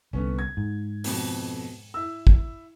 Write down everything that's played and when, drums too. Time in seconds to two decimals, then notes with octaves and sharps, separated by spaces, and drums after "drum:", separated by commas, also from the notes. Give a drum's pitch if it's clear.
0.13 C2 D3 B3 C#4
0.39 G#6
0.57 G#2
1.04 F2 B2, drum: open hi-hat
1.94 E4 E6
2.27 drum: kick